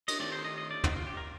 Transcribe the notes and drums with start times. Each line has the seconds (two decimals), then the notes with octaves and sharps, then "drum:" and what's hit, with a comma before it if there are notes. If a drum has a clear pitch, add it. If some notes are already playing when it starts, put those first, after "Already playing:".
0.08 D#5, drum: cymbal
0.20 D#3 A3 C4 D5
0.32 C5
0.45 D#5
0.58 D#5
0.71 D5
0.84 D#4, drum: tom
0.97 F4
1.07 G4
1.17 A#4